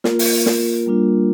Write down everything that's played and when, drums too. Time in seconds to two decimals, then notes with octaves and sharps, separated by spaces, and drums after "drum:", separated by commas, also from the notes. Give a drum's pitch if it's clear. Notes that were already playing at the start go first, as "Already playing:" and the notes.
0.04 A#3 F4 A#4, drum: snare
0.19 drum: open hi-hat
0.46 drum: snare
0.86 G3 A#3 D4 F4